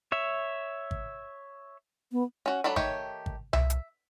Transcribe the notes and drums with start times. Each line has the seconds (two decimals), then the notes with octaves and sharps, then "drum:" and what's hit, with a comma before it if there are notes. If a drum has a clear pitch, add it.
0.12 C#5 E5
0.91 drum: kick
2.12 B3
2.46 C#4 F#4
2.64 F#3 D4 A4 B5
2.76 D#3 A3 G4 C#5, drum: kick
3.26 drum: kick
3.53 E5, drum: tom C2
3.70 drum: hi-hat